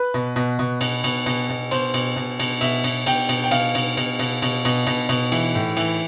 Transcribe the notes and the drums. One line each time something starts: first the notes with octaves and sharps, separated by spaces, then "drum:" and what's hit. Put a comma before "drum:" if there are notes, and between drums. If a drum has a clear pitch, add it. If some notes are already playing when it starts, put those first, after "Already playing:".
Already playing: B4
B2
B2
B2
B2, drum: cymbal
B2, drum: cymbal
B2, drum: cymbal
B2
B2 C5, drum: cymbal
B2, drum: cymbal
B2
B2, drum: cymbal
B2 E5, drum: cymbal
B2, drum: cymbal
B2 G5, drum: cymbal
B2, drum: cymbal
G5
B2 F5, drum: cymbal
B2, drum: cymbal
B2, drum: cymbal
B2, drum: cymbal
B2, drum: cymbal
B2, drum: cymbal
B2, drum: cymbal
B2, drum: cymbal
E3, drum: cymbal
A2
E3, drum: cymbal